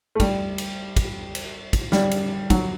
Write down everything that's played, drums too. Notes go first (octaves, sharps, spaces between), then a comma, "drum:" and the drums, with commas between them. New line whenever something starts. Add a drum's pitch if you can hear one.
A3
G3, drum: kick, cymbal
drum: cymbal
drum: kick, cymbal
drum: cymbal
drum: kick, cymbal
G3, drum: snare
drum: cymbal
F#3, drum: kick, cymbal